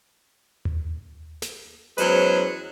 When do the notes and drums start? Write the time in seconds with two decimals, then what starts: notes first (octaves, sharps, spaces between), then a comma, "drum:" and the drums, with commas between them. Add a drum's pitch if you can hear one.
0.65 drum: tom D#2
1.42 drum: snare
1.98 E2 F#3 G#3 C#4 B4 C5, drum: hi-hat